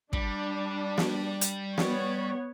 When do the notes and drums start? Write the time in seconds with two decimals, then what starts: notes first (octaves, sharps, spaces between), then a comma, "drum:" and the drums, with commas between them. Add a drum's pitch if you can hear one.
0.13 G3 D4, drum: kick
0.98 drum: snare
1.41 drum: hi-hat
1.78 B3 C#5, drum: snare